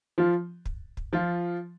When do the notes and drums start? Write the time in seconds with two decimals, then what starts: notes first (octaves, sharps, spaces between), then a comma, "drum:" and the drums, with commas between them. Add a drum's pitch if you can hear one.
0.18 F3 F4
0.66 drum: kick
0.97 drum: kick
1.13 F3 F4